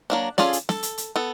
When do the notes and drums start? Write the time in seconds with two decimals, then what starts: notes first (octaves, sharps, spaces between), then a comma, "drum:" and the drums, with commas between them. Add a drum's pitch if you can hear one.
0.10 F#3 A#3 D4
0.38 C#4 F4 G#4 A4 D5, drum: snare
0.53 drum: hi-hat
0.69 A4, drum: snare
0.83 drum: hi-hat
0.98 drum: hi-hat
1.16 B3 A4